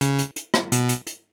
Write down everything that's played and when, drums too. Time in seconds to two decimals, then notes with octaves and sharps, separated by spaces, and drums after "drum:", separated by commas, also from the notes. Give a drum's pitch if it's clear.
0.01 C#3, drum: hi-hat
0.19 drum: hi-hat
0.36 drum: hi-hat
0.54 drum: rim click
0.72 B2, drum: hi-hat
0.89 drum: hi-hat
1.07 drum: hi-hat